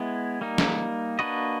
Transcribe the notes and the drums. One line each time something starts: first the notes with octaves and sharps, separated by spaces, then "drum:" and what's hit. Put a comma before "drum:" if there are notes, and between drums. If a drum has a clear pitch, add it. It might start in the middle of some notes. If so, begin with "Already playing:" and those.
Already playing: G#3 B3 E4
G3 A#3 D#4
drum: snare
A#3 D4 F#4 B4 D#5